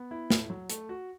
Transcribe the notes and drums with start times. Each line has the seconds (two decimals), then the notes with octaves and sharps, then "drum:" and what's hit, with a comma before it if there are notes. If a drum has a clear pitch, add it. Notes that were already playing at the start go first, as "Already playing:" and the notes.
Already playing: B3
0.11 E4
0.30 A2, drum: snare
0.50 F#3
0.70 A3, drum: hi-hat
0.89 F#4